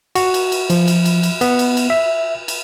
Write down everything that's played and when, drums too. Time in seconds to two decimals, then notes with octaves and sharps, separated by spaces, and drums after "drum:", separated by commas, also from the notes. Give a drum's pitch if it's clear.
0.15 F#4, drum: cymbal
0.34 drum: cymbal
0.52 drum: cymbal
0.70 F3, drum: cymbal
0.88 drum: cymbal
1.05 drum: cymbal
1.23 drum: cymbal
1.41 B3, drum: cymbal
1.59 drum: cymbal
1.77 drum: cymbal
1.90 E5
2.48 drum: cymbal